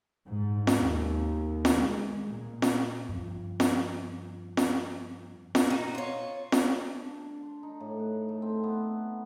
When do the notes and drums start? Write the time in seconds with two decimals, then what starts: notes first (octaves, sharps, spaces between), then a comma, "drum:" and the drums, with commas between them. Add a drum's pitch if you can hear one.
0.26 G#2
0.67 drum: snare
0.79 D#2
1.65 drum: snare
1.78 G#3
2.31 A#2
2.62 drum: snare
3.09 G2 F3
3.60 drum: snare
4.57 drum: snare
5.55 drum: snare
5.67 D#4 F#4
5.95 F4 C#5
6.52 drum: snare
6.88 D4
7.22 D4
7.42 C6
7.63 D#4
7.80 A2
7.99 B4
8.29 A3
8.42 C4
8.64 B3